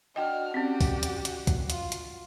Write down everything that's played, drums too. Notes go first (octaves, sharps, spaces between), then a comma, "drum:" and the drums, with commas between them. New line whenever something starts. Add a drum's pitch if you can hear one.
D4 F#4 D#5 G5 F6
C4 C#4 G4 D5
drum: kick, open hi-hat
drum: hi-hat
drum: hi-hat
drum: kick, hi-hat
F4, drum: hi-hat
drum: hi-hat